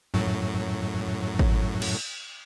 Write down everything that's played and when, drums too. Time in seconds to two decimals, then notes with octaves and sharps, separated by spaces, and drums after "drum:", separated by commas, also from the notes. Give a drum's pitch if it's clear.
0.14 F#2 A2 F#3
1.39 drum: kick G#1
1.82 drum: cymbal